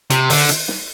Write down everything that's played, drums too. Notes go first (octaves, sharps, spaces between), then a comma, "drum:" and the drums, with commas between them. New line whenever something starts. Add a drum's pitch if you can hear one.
C3, drum: hi-hat
D3, drum: open hi-hat
drum: hi-hat
drum: snare